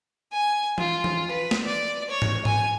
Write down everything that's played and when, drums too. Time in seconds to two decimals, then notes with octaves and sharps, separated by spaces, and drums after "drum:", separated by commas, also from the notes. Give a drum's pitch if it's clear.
0.32 G#5
0.78 F4, drum: tom E3
1.04 drum: tom E3
1.31 B4
1.51 drum: snare
1.66 D5
2.10 C#5
2.22 drum: tom G#2
2.45 G#5, drum: tom G#2